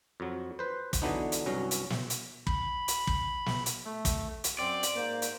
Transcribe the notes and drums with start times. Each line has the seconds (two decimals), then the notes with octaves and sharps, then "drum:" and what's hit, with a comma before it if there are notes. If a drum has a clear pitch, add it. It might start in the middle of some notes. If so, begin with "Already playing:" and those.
0.20 F2 F#3
0.59 B4 C5
0.93 drum: kick, hi-hat
1.02 D3 E3 F#3 B3 D4 D#4
1.32 drum: hi-hat
1.46 C2 G2 F#3 C#4 A#5
1.71 drum: hi-hat
1.90 drum: snare
2.10 drum: hi-hat
2.47 B5, drum: kick
2.88 drum: hi-hat
3.07 drum: kick
3.46 drum: snare
3.66 drum: hi-hat
3.85 A3
4.05 drum: kick, hi-hat
4.44 drum: hi-hat
4.59 F#2 C4 D5 C6
4.83 drum: hi-hat
4.96 G#2 A#3 C5
5.22 drum: hi-hat